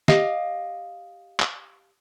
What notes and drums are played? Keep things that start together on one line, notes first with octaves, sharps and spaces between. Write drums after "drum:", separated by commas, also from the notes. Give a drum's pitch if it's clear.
G4 D#5 F5, drum: snare
drum: clap